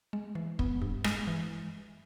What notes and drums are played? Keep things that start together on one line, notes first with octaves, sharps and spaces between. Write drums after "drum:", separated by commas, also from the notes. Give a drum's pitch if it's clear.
G#3
E3
B3, drum: kick
G2
G#3, drum: rim click
E3